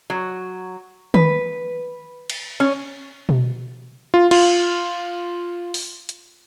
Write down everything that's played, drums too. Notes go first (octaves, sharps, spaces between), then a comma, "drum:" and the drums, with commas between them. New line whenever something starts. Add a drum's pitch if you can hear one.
F#3
B4, drum: tom D#3
drum: cymbal
C#4
drum: tom B2
F4
F4, drum: cymbal
drum: open hi-hat
drum: hi-hat